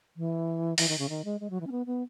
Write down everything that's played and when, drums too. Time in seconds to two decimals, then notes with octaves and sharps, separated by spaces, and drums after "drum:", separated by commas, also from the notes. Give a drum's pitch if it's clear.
0.17 E3
0.78 E3, drum: open hi-hat
0.89 D#3
0.98 C#3
1.09 D#3
1.25 G#3
1.40 G#3
1.50 F#3
1.61 E3
1.67 C#4
1.71 B3
1.86 B3